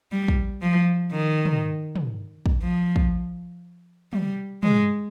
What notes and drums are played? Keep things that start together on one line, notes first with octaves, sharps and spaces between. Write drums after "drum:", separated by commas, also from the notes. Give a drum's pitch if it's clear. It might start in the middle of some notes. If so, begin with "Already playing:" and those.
G3
drum: kick
F3
D#3
drum: tom
drum: tom
drum: kick
F3
drum: kick
G3, drum: tom
G#3, drum: tom